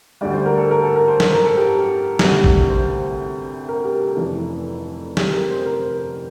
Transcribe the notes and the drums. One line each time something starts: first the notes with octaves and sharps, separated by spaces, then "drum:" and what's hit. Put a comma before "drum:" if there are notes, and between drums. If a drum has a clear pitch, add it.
D2 D3 G3 D5
C5
A#4
A4
A#4
A4
A#4
C5
C5, drum: snare
A#4
A4
G4
D2 C3 G3, drum: snare
drum: kick
C5
A#4
G4
A4
F1 F2 E3
G4, drum: snare
A#4
C5
A#4